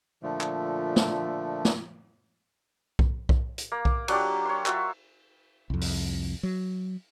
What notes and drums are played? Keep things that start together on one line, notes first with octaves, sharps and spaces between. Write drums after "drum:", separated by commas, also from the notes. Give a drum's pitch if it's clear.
A#2 D3 F3 A3
drum: clap
drum: snare
drum: snare
drum: kick B1
drum: kick B1
drum: hi-hat
A#3
D6, drum: kick B1
F#3 D4 F4 G4, drum: cymbal
C#5 C6
F4 F#4 E5, drum: clap
C2 F2
drum: open hi-hat
F#3